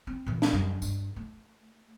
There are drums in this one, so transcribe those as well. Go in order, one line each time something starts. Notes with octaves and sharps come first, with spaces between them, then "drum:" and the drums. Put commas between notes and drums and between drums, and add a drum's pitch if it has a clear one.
C4
A#2 E3
drum: snare D4
F#2 G3
G2, drum: tambourine
A3